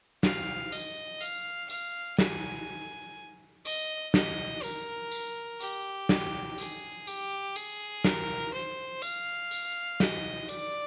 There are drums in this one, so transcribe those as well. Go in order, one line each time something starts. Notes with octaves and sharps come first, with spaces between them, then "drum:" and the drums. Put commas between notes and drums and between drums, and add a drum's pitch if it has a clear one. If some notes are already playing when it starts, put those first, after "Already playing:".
F5, drum: snare
D#5, drum: tambourine
F5, drum: tambourine
F5, drum: tambourine
G#5, drum: snare
D#5, drum: tambourine
D#5, drum: snare
A#4, drum: tambourine
drum: tambourine
G4, drum: tambourine
drum: snare
G#4, drum: tambourine
G4, drum: tambourine
G#4, drum: tambourine
A#4, drum: snare
C5
F5, drum: tambourine
drum: tambourine
D#5, drum: snare
D5, drum: tambourine